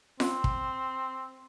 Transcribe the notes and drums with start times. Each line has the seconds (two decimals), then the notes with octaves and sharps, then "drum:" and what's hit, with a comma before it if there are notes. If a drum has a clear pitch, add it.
0.20 C4, drum: snare F4
0.44 drum: kick